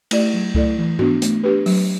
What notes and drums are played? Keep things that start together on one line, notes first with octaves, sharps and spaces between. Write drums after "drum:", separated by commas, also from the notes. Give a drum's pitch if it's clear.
A3 E4 G4 D5, drum: cymbal
F#3
A3 E4 A4 D5, drum: kick C#2
E3
B3 D4 F#4, drum: tom G#2
A3, drum: hi-hat
D4 G4 B4
F#3, drum: open hi-hat